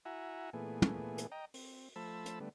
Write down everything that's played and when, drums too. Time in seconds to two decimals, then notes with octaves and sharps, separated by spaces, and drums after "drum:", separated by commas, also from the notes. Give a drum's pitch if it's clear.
0.05 E4 F#4 E5 F#5 G#5 A#5
0.53 A#2 E3 A3 B3 G#4
0.82 drum: tom
1.18 drum: hi-hat
1.31 D#5 G5 A#5
1.54 C4, drum: open hi-hat
1.96 F3 A3 C5 A5 B5 E6
2.26 drum: hi-hat
2.40 D3 G3 A3 B3